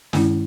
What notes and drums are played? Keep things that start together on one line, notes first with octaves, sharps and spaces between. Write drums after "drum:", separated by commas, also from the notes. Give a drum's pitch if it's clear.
G2 D#3 G#3 C#4 E4, drum: snare